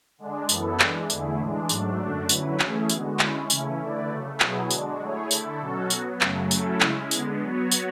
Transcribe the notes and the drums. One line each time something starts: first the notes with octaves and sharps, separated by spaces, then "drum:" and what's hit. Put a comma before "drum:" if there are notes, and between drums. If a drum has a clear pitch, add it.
D3 G#3 D4
F#2 E3 B3 E4 A4, drum: tambourine
E3 G#3 D4, drum: clap
E2 D3 A3 E4 G#4, drum: tambourine
A2 E3 G#3 D4
G#2 F#3 A3 D4, drum: tambourine
F#2 D3 A3 D4 F#4
D3 F#3 C#4 E4 B4, drum: tambourine
E3 A3 C#4 E4 G#4, drum: clap
D3 G#3 B3 F#4, drum: tambourine
D3 G#3 C#4 E4, drum: clap
C#3 E3 A3 C#4 E4, drum: tambourine
D3 A3 E4 B4 D5
C#3 F#3 A3
B2 F#3 B3 E4 G#4, drum: clap
D3 G#3 D4 F#4, drum: tambourine
F#3 A3 E4 G#4 C#5
D3 A3 E4 A4, drum: tambourine
B2 F#3 C#4 F#4 A4
F#3 B3 F#4, drum: tambourine
F#2 C#3 F#3 A3, drum: clap
F#3 A3 C#4 E4 A4, drum: tambourine
C#3 G#3 C#4 E4, drum: clap
D3 G#3 B3, drum: tambourine
F#3 B3 F#4 C#5
drum: tambourine